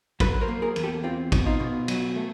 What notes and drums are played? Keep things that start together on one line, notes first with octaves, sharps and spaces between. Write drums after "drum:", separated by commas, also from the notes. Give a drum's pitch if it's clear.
F#3 A4 B4, drum: kick, cymbal
A#4 C5
A#3
G#4 A#4
E2, drum: cymbal
G4 A4
C4 F4 G4
B2, drum: kick, cymbal
D#4 F4
B2
F#3, drum: cymbal
A3